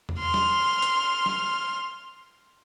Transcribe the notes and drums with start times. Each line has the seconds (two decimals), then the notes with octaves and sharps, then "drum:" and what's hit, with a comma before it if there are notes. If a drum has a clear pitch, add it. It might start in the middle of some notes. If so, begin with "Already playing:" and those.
0.09 drum: tom E2
0.19 C6 F6
0.34 drum: snare
0.82 drum: hi-hat
1.26 drum: snare